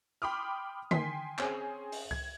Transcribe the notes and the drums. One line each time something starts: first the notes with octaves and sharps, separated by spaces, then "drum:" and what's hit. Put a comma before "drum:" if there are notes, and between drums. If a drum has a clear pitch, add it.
G5 B5 C6 D6 D#6 F6
G5 G#5 C6 B6 C7, drum: tom D3
C4 C#4 G#4, drum: clap
drum: open hi-hat
G#6, drum: kick C#2